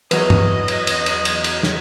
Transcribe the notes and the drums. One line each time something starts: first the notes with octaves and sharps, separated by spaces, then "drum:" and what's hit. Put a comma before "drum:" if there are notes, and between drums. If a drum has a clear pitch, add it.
E2 F#3 B4 D#5, drum: cymbal
drum: tom G2
drum: cymbal
drum: cymbal
drum: cymbal
drum: cymbal
drum: cymbal
drum: snare